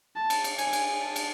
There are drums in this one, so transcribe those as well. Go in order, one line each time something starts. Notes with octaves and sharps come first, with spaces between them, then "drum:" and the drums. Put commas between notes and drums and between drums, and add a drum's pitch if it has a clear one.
A5
drum: cymbal
drum: cymbal
G#5, drum: cymbal
drum: cymbal
A5
drum: cymbal